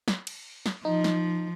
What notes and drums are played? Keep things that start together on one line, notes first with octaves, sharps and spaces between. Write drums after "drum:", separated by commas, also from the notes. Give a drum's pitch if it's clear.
drum: snare
drum: cymbal
drum: snare
F3 D#4
drum: snare